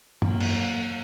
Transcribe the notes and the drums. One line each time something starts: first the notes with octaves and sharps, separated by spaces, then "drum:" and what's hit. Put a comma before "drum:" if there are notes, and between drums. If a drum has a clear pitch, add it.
F#3 A#3, drum: tom
drum: cymbal